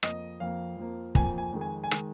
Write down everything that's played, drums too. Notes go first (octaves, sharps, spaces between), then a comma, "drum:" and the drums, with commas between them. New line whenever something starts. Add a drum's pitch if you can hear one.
F2 F3 A#3 D#5, drum: rim click
F2 F3 A#3 F5
F2 F3 A#3
F2 F3 A#3 G#5, drum: kick
G#5
F2 D#3 G#3
G#5
G#5
D#3 G#3, drum: rim click